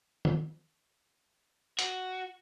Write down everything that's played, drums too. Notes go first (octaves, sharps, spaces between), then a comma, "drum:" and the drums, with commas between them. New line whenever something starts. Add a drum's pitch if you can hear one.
drum: tom
F#4, drum: hi-hat